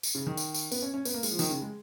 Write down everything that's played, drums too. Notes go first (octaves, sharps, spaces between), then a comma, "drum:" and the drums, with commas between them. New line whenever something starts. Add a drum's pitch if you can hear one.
drum: tambourine
C#3
D#3
drum: tambourine
drum: tambourine
B3, drum: tambourine
C#4
C#4
B3, drum: tambourine
A#3
G#3, drum: tambourine
F3
D#3, drum: tambourine
C#3
G#3